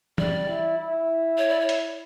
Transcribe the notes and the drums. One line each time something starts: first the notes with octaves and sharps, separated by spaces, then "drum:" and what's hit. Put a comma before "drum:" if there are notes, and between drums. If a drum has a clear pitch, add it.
G3 D5, drum: tom E3
E4
E4
C#5
D5
C#5
drum: hi-hat